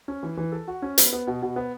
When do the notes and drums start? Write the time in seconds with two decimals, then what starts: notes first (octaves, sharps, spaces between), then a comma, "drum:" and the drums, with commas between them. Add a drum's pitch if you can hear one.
0.08 C#4
0.23 E3
0.37 E3
0.52 A4
0.68 F#4
0.82 C#4
0.98 B3, drum: hi-hat
1.13 B3
1.27 B2
1.42 B2
1.56 B3